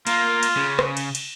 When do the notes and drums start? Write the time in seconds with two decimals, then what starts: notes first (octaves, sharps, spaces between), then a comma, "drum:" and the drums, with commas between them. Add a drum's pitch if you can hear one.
0.07 A#3 F4, drum: cymbal
0.43 drum: cymbal
0.57 C#3
0.79 drum: rim click
0.97 drum: cymbal
1.15 drum: cymbal